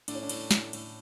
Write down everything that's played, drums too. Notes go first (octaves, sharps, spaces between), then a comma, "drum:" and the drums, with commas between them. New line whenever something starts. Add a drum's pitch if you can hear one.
A2 D4, drum: cymbal
C#4
D4
A2, drum: cymbal
A2, drum: snare
A2, drum: cymbal